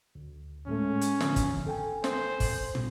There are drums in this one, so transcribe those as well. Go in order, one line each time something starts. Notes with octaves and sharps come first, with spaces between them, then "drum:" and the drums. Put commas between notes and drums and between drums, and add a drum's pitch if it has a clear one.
D2
A2 G#3 A3 C#4
drum: hi-hat
D3 D#3 F3, drum: snare
drum: kick G1, hi-hat
A4 G5 G#5
C5, drum: snare
drum: kick G1, open hi-hat
drum: tom